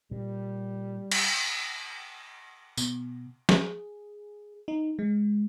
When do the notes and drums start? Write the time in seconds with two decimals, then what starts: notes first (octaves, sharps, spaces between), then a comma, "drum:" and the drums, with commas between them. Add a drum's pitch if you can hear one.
0.11 A#2 G3
1.11 drum: cymbal
2.78 B2, drum: tambourine
3.49 G#4, drum: snare
4.68 D#4
4.99 G#3